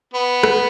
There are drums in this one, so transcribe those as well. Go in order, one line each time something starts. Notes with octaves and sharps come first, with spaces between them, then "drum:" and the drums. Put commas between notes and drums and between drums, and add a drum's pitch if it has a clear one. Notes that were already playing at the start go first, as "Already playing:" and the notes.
B3
drum: rim click